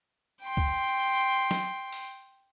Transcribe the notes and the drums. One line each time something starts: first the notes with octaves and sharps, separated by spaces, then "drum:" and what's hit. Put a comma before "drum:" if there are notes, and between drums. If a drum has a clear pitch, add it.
G5 C6
drum: kick
drum: snare F#3
drum: open hi-hat